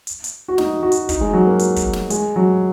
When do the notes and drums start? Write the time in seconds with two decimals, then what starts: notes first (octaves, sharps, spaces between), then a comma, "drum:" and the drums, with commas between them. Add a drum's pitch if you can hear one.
0.07 drum: hi-hat
0.24 drum: hi-hat
0.48 F#4
0.58 D#4, drum: snare
0.83 F#4
0.92 drum: hi-hat
1.09 D#4, drum: kick, hi-hat
1.21 G#3
1.33 F#3
1.47 A#3
1.59 drum: hi-hat
1.76 drum: kick, hi-hat
1.93 drum: snare
2.10 G#3, drum: hi-hat
2.36 F#3